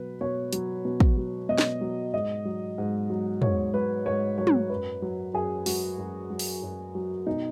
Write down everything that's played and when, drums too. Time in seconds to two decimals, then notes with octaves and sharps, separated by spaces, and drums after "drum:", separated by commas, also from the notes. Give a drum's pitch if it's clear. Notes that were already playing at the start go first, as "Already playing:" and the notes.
Already playing: B2 F#3 B4
0.21 B2 C#5
0.53 F#3, drum: hi-hat
0.85 B2
1.00 drum: kick
1.17 F#3
1.49 B2 D#5
1.58 drum: snare
1.81 F#3
2.13 G#2 D#5
2.45 F#3
2.78 G#2
3.10 F#3
3.42 G#2 C#5, drum: tom
3.74 F#3 B4
4.05 G#2 C#5
4.38 F#3 C#5
4.47 drum: tom
4.70 F#2 B4
5.02 F#3
5.34 F#2 G#4
5.66 F#3 F#4, drum: open hi-hat
5.98 F#2
6.30 F#3
6.39 drum: open hi-hat
6.63 F#2
6.95 F#3
7.27 B2 D#4